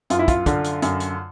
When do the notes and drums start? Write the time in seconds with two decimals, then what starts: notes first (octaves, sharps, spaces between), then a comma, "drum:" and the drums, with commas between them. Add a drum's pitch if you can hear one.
0.10 F#2 F4, drum: hi-hat
0.19 E4
0.28 F4, drum: kick, hi-hat
0.46 D3, drum: kick, hi-hat
0.64 drum: hi-hat
0.82 F#2, drum: hi-hat
1.00 drum: hi-hat